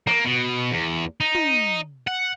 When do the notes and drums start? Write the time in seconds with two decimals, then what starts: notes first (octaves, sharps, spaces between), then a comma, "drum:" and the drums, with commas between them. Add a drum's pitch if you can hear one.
0.07 A#3, drum: snare
0.25 B2
0.72 E2
1.20 D#4
1.35 drum: tom
2.07 F#5